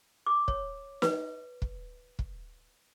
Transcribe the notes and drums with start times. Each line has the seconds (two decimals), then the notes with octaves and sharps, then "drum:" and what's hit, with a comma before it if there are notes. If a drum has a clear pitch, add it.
0.26 D6
0.48 C#5, drum: kick
1.02 B4, drum: snare
1.62 drum: kick
2.19 drum: kick